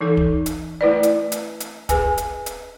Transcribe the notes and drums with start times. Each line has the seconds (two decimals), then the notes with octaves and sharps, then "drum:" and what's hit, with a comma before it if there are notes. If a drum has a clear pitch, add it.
0.01 E3 D#4 A4
0.17 drum: kick
0.46 drum: hi-hat
0.81 A3 E4 B4 D5
1.03 drum: hi-hat
1.32 drum: hi-hat
1.60 drum: hi-hat
1.89 G#4 B4 G#5, drum: kick, hi-hat
2.18 drum: hi-hat
2.46 drum: hi-hat